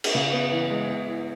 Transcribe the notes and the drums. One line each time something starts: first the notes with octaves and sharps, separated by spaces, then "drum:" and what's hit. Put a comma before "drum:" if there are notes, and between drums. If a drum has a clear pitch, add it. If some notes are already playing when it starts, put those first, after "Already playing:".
drum: cymbal
C#3
B3
E3
G#3
B3
E4